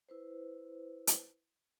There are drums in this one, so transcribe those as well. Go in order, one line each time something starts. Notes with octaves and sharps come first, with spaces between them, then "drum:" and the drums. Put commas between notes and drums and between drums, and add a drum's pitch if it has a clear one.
E4 B4 C5
drum: hi-hat